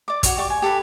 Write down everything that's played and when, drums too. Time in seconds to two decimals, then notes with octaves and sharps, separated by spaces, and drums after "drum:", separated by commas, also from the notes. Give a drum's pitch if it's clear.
0.08 D5 D6
0.23 F#4 C#5, drum: kick, hi-hat
0.37 G4 D5 C#6 D6
0.50 G#5
0.62 G4 A4 B4 B5